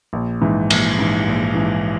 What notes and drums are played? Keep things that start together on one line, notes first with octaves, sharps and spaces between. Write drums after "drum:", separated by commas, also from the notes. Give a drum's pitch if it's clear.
A#1
G#2 E3
A#1, drum: cymbal
G#2 E3
A#1
G#2 E3